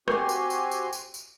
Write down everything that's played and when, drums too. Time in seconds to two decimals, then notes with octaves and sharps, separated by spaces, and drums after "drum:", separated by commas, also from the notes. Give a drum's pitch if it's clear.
0.08 C4 F#4 G4 G#5 C6, drum: rim click
0.29 drum: tambourine
0.50 drum: tambourine
0.71 drum: tambourine
0.93 drum: tambourine
1.14 drum: tambourine